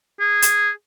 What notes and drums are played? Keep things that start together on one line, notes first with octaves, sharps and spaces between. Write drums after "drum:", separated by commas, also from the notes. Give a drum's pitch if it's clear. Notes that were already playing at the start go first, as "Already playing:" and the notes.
G#4
drum: hi-hat